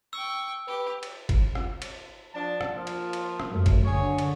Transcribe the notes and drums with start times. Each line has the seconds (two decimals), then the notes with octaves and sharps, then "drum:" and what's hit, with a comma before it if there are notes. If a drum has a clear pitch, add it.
0.13 G5 C#6 E6
0.67 G4 B4
1.03 drum: cymbal
1.29 drum: kick G1, cymbal
1.55 drum: rim click
1.82 drum: cymbal
2.34 F3 D4 A5
2.61 drum: rim click
2.76 F3 A#3 F4
2.87 drum: cymbal
3.13 drum: cymbal
3.40 drum: rim click
3.49 F#2 A3
3.66 drum: kick G1, cymbal
3.85 D3 G#4 C#5
4.18 drum: cymbal